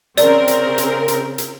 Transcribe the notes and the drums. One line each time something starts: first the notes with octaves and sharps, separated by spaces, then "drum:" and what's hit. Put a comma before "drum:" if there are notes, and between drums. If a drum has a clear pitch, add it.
C#3 C4 A#4 D5, drum: hi-hat
drum: hi-hat
drum: hi-hat
drum: hi-hat
drum: hi-hat